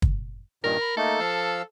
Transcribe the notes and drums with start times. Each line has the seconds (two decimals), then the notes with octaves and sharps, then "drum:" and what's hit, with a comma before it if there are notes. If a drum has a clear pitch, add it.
0.02 drum: kick
0.64 G2 A#2 D#3 A#4
0.81 B5
0.97 A3 A#3 D#4 A4
1.20 F3 F5 E6